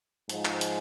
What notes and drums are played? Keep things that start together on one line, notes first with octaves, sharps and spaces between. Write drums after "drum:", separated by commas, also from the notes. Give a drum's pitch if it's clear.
G#2 F3 G#3, drum: hi-hat
drum: clap
drum: hi-hat